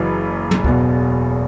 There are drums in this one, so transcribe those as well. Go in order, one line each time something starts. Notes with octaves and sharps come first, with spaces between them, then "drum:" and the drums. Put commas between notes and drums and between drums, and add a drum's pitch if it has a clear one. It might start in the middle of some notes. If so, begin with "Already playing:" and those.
Already playing: F#1 F#2 E3
drum: tom
E1 E2 B2 F#3, drum: kick